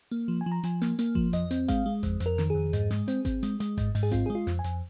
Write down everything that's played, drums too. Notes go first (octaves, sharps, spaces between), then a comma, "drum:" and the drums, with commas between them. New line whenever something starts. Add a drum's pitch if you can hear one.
A#3
F3
G#5
F3
A#5
F3 G#5, drum: hi-hat
A#3, drum: snare
A#3, drum: hi-hat
F3, drum: kick G#1
F2 D#5, drum: hi-hat
C4, drum: hi-hat
G#3 F5, drum: kick G#1, hi-hat
G#3
F2, drum: kick G#1, hi-hat
F2, drum: hi-hat
A#4
D#3, drum: snare
F2 G#4
G#2, drum: hi-hat
G#3, drum: snare
C4, drum: hi-hat
C4, drum: kick G#1, hi-hat
G#3, drum: hi-hat
G#3, drum: hi-hat
G#2, drum: kick G#1, hi-hat
G#2, drum: open hi-hat
G#4
C4 F4, drum: kick G#1, hi-hat
G#3 G#4
F4
F2, drum: snare
G#5
F2, drum: hi-hat